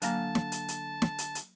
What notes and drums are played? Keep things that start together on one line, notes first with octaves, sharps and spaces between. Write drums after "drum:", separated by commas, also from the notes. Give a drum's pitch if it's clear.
D3 F#3 A#3 F5 A5 A#5, drum: hi-hat
drum: snare
drum: hi-hat
drum: hi-hat
drum: snare
drum: hi-hat
drum: hi-hat